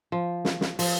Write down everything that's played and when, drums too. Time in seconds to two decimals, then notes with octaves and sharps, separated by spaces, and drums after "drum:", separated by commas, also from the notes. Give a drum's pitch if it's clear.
0.12 F3
0.45 drum: snare
0.61 drum: snare
0.79 F3, drum: open hi-hat